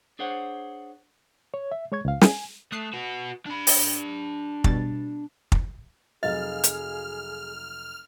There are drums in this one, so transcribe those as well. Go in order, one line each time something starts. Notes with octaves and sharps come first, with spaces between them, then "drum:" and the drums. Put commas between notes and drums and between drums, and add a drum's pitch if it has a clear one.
D4 G#4 C5 C#5 F#5
C#5
E5
G#3 C#5 C#6 G#6
C#2 F5
G#5, drum: snare
A3 D#6 F#6 C7
F#4 B4
D4 B5
drum: open hi-hat
B2 G3 A6, drum: kick
drum: kick
F1 F#3 G#4 D#5 F5 F6
drum: hi-hat